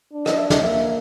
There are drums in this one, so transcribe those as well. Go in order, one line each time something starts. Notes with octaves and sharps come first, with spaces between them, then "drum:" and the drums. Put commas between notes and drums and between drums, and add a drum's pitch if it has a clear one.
D4
D#5, drum: rim click
E5
D#5, drum: snare
A#3 E5